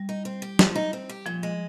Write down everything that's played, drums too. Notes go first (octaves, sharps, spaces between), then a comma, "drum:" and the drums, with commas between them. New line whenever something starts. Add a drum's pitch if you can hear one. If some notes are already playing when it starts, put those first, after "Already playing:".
Already playing: G3
D#4
C4
G4
F3, drum: snare
D#4
C4
G4
A#2 F3
G#3